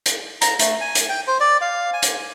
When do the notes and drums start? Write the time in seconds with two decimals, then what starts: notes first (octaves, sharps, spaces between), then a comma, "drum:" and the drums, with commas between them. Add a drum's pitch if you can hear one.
0.06 drum: hi-hat
0.41 A#5, drum: hi-hat
0.59 A3, drum: hi-hat
0.81 G#5
0.95 drum: hi-hat
1.09 G5
1.27 C5
1.40 D5
1.61 F5
1.93 G#5
2.02 drum: hi-hat